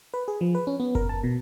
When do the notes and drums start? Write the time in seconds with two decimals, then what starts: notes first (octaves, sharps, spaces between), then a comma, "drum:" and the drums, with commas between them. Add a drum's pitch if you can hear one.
0.14 B4
0.28 G#4
0.41 F3
0.55 B4
0.67 C#4
0.80 B3
0.95 A#4, drum: kick F#1
1.09 A5
1.23 B2